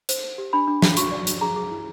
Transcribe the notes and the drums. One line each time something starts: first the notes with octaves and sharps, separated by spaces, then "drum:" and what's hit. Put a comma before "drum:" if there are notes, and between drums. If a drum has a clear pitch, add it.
C5, drum: hi-hat
C5
G4
D4 B5
D4
D4, drum: snare
F#4 C#6, drum: hi-hat
D5
F#4, drum: hi-hat
G#4 A#5
G#4
E4